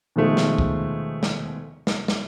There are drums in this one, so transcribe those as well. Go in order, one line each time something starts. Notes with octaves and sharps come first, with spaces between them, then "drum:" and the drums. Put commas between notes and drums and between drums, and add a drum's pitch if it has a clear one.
B2 D#3 F3 G#3 A3
drum: snare
drum: kick
drum: snare
drum: snare
drum: snare